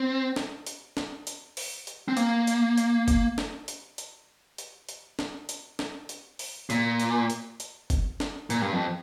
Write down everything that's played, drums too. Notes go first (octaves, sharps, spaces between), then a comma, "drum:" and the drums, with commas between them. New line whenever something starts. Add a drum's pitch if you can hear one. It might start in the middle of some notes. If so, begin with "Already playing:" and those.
Already playing: C4
drum: snare
drum: hi-hat
drum: snare
drum: hi-hat
drum: open hi-hat
drum: hi-hat
C4
A#3, drum: hi-hat
drum: hi-hat
drum: hi-hat
drum: kick F#1, hi-hat
drum: snare
drum: hi-hat
drum: hi-hat
drum: hi-hat
drum: hi-hat
drum: snare
drum: hi-hat
drum: snare
drum: hi-hat
drum: open hi-hat
A#2, drum: hi-hat
drum: hi-hat
drum: hi-hat
drum: hi-hat
drum: kick F#1, hi-hat
drum: snare
A#2, drum: hi-hat
G2
F2